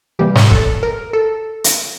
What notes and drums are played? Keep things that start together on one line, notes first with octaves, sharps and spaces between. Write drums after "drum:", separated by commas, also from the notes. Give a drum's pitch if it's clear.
C3 E3 G3 A#3 G4
drum: snare
A4, drum: kick
A#4
A4
drum: hi-hat